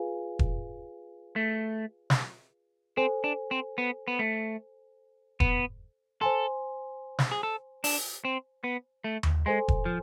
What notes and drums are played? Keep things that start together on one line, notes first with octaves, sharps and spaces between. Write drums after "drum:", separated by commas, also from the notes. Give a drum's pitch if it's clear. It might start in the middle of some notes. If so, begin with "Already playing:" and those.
Already playing: F4 G#4 B4 F5 G#5
drum: kick E1
A3
drum: snare
C4 A4 C5 G#5
D4
C4
B3
B3
A3
B3, drum: kick E1
A4 C5 G#5 C6
drum: snare
G#4
A4
D4, drum: open hi-hat
C4
B3
A3
drum: tom D#2
G#3 A4 C5 G#5 C6
drum: kick E1
F3